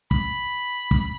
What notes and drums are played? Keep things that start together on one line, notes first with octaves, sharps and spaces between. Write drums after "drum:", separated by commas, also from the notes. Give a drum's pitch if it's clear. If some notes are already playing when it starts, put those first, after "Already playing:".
B5, drum: kick
drum: kick